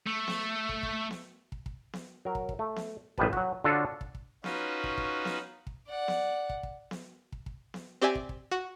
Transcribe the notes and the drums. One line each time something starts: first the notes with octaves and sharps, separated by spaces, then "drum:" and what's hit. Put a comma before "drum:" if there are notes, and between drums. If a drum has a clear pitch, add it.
A3
drum: snare B3
drum: kick
drum: kick
drum: snare B3
drum: kick
drum: kick
drum: snare B3
F#3 A#4
drum: kick
drum: kick
A3
drum: snare B3
A1 D#3 F3 G3 B4 A5, drum: kick
F#3 F#4, drum: kick
D3 D4 F4 F#4 A4 C#5
drum: kick
drum: kick
C#4 D#4 F4 F#4 B4, drum: snare B3
drum: kick
drum: kick
drum: snare B3
drum: kick
D5 F#5
drum: snare B3
drum: kick
drum: kick
drum: snare B3
drum: kick
drum: kick
drum: snare B3
C4 G4 D5 E5 G#5
drum: kick
drum: kick
F#4